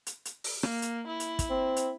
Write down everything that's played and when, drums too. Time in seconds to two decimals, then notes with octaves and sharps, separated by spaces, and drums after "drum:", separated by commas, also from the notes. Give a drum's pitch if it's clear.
0.07 drum: hi-hat
0.25 drum: hi-hat
0.44 drum: open hi-hat
0.63 A#3, drum: rim click
0.82 drum: hi-hat
1.07 E4
1.20 drum: hi-hat
1.39 drum: kick, hi-hat
1.50 C4
1.76 drum: hi-hat